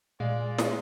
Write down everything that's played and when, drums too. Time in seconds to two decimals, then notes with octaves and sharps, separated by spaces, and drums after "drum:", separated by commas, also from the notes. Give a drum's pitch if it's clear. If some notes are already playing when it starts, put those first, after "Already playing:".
0.20 A#2 G#3 D5 F5
0.58 drum: snare